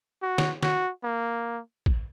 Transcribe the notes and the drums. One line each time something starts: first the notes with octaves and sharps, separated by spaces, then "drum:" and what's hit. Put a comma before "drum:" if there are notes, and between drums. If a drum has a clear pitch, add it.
F#4
drum: snare
F#4, drum: snare
A#3
drum: kick